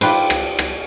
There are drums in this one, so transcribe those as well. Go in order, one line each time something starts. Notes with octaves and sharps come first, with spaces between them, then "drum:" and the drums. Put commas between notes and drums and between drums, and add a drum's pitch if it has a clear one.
F4 G4 B4 C5, drum: cymbal
drum: rim click
drum: rim click